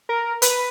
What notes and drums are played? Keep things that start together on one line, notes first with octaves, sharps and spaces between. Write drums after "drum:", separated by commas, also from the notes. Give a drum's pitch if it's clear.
A#4
B4, drum: hi-hat